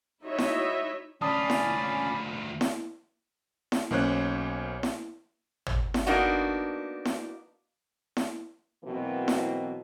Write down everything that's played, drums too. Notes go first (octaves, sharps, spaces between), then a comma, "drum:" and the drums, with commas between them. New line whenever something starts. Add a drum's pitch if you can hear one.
D#4 E4 F#4 C#5 D#5 E5
drum: snare E4
D2 C#4 F4 D5 A5 B5 D#6
drum: snare E4
drum: snare E4
drum: snare E4
B1 A#3 C#4 C5 C#5 F#6
drum: snare E4
drum: tom
drum: snare E4
A#3 B3 D4 D#4 F#4
drum: snare E4
drum: snare E4
B2 E3 F#3 A#3 C4
drum: snare E4